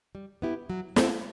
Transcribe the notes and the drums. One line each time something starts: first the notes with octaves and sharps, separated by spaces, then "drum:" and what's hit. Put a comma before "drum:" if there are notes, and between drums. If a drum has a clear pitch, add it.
G3
B3 E4 G4
F#3
A3 C4 E4 A4, drum: snare